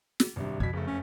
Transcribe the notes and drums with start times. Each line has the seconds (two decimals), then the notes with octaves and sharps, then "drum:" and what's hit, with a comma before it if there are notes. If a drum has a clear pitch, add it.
0.20 drum: snare
0.36 G#1 G2 C3
0.60 F2 B2 G#6 B6
0.73 F#1 C#3 A3
0.87 C#4